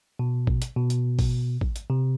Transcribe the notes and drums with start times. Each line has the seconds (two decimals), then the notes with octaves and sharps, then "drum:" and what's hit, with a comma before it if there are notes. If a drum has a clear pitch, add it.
0.19 B2
0.47 drum: kick
0.62 drum: hi-hat
0.76 B2
0.90 drum: hi-hat
1.19 drum: kick, open hi-hat
1.61 drum: kick
1.76 drum: hi-hat
1.90 C3